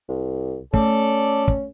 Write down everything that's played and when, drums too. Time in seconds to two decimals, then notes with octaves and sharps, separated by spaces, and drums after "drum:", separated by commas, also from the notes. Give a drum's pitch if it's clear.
0.09 C2
0.73 A3 C#4 A4 D5, drum: kick
1.48 drum: kick